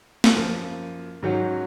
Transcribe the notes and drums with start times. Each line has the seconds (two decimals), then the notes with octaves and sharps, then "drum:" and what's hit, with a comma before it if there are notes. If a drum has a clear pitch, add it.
0.24 drum: snare
0.35 F#2 F3 A#3
1.23 G#2 D#3 F#3 C#4 F#4